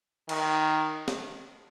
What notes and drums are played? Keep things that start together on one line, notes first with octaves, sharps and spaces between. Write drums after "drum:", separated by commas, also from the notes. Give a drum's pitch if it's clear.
D#3, drum: cymbal
drum: snare